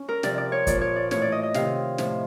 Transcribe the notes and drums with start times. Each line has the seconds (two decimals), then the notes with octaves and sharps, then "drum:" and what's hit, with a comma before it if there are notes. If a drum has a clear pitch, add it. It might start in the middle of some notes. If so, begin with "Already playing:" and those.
Already playing: C#4
0.09 A#4
0.23 C3 F3 D5, drum: snare
0.38 D5
0.52 C#5
0.67 A#2 F3 D5, drum: kick, hi-hat
0.81 C#5
0.96 D5
1.11 A2 E3 C#5, drum: snare
1.22 D5
1.32 D#5
1.43 D#5
1.54 C3 D#3 F5, drum: snare
1.98 A2 F3, drum: snare